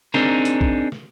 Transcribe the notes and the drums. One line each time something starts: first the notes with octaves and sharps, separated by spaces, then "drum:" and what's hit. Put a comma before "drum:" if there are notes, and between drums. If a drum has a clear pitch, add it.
C4 D4 D#4 G#4 A#4, drum: snare
drum: hi-hat
drum: kick A#1
drum: snare